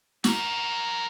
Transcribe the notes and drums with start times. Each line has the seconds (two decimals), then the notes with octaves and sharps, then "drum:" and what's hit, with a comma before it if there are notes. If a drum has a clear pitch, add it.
0.24 F#4 A#4, drum: snare